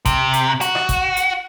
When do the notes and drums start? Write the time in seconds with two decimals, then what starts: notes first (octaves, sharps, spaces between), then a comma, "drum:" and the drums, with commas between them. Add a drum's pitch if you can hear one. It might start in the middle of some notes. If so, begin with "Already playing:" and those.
0.05 C3, drum: kick G#1, hi-hat
0.33 drum: hi-hat
0.61 F#4, drum: hi-hat
0.75 drum: rim click
0.89 drum: kick G#1, hi-hat
1.16 drum: hi-hat